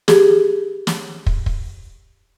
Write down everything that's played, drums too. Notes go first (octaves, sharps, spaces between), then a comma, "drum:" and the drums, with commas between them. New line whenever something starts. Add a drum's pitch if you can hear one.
G4 G#4, drum: snare
drum: snare
drum: kick
drum: kick